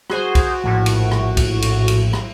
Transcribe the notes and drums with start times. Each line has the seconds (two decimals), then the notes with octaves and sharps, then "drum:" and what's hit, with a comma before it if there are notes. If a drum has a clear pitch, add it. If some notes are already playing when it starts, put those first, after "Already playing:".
0.10 F#4 G#4 C5, drum: rim click
0.35 drum: kick B1, cymbal
0.64 A#1 A2
0.86 drum: cymbal
1.11 drum: rim click
1.37 drum: kick B1, cymbal
1.62 drum: cymbal
1.88 drum: cymbal
2.13 drum: rim click